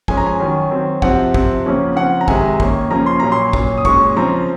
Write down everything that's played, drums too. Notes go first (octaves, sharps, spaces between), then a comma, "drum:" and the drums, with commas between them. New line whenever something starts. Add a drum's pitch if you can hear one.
F3 G#3 C#4 G#5, drum: kick
A#5
G#5
D#3 F#3 C#4
D#3 F#3 C4
C3 F3 C4 F#5, drum: kick
C3 F3 C4, drum: kick
C#3 F3 A#3 C#4
C#3 F3 C4 F#5
A#5
C3 D#3 G#3 G#5, drum: kick
D#3 A#3 C#4, drum: kick
C#3 F3 A#3 C#4 A#5
C6
A#2 F#3 C#4 A#5
C6
A#2 F#3 C#4, drum: kick
D#6
A#2 G#3 C#4 C#6, drum: kick
C#3 F3 C4 A#5